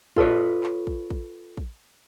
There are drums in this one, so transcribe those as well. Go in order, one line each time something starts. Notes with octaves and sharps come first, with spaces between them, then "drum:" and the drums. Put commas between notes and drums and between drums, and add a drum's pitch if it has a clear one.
F4 A4 B4 C#5, drum: kick
drum: clap
drum: kick
drum: kick
drum: kick